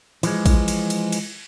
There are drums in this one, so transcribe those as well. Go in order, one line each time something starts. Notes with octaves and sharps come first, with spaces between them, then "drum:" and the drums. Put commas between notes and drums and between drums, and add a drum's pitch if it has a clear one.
E3 F3 G#3, drum: cymbal
drum: kick A#1, cymbal
drum: cymbal
drum: cymbal
drum: cymbal